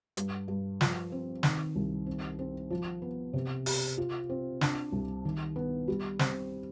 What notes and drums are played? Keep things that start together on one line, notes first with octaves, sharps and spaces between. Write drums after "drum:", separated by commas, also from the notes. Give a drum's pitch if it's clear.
G2, drum: hi-hat
G2
F3, drum: snare
C4
D#3, drum: snare
C2
C4
C4
F3
B3
C3
G4, drum: open hi-hat
F4
C4
D4, drum: snare
C2
D#3
B3
G3
C4, drum: snare